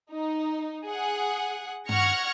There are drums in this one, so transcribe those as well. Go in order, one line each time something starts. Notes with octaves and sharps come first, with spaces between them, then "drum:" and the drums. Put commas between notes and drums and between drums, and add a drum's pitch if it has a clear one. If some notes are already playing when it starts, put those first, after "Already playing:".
D#4
G#4 F#5
F#5 C#6 F6 G#6 A#6 C#7, drum: tom G2